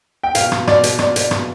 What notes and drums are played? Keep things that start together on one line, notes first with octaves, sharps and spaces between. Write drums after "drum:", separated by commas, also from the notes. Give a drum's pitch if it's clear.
G5
B2 F5, drum: hi-hat
B2, drum: rim click
B2 D5, drum: rim click
B2, drum: hi-hat
B2 D5, drum: rim click
B2 D5, drum: hi-hat
B2, drum: rim click